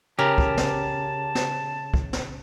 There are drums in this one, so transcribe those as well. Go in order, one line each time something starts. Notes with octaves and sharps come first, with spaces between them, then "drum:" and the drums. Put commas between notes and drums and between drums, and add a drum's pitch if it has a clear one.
C#3 G4 A#4 A5
drum: kick
drum: snare
drum: snare
drum: kick
drum: snare